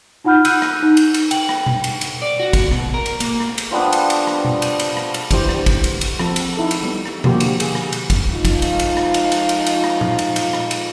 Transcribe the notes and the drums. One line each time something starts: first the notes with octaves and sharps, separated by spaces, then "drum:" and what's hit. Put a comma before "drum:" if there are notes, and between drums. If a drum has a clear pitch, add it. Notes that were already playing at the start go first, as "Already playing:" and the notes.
D#4 F4 F#5 B5 F6 G6
E6 F#6 G6 D#7, drum: cymbal
drum: rim click
D#4
drum: cymbal
drum: cymbal
G5 F#7, drum: cymbal
drum: rim click
drum: tom B2
drum: cymbal
drum: cymbal
D5
F#4
drum: kick, cymbal
B2, drum: rim click
A#4
drum: cymbal
A#3, drum: cymbal
drum: rim click
drum: cymbal
F3 G3 B3 D4
drum: cymbal
drum: cymbal
drum: rim click
drum: tom B2
drum: cymbal
drum: cymbal
drum: rim click
drum: cymbal
E3 D4 G4 C5, drum: kick, cymbal
drum: rim click
drum: kick, cymbal
drum: cymbal
drum: cymbal
F3 C4 A4, drum: rim click
drum: cymbal
D#4 E4 A4
drum: cymbal
G3 B3
drum: rim click
D3 F3 A#3 F#4 G4, drum: tom B2
drum: cymbal
G#4, drum: cymbal
drum: rim click
drum: cymbal
drum: kick, cymbal
F3 G#3 D#4 F4
drum: kick, cymbal
drum: cymbal
drum: cymbal
drum: rim click
drum: cymbal
drum: cymbal
drum: cymbal
drum: cymbal
drum: rim click
drum: tom A#2
drum: cymbal
drum: cymbal
drum: rim click
drum: cymbal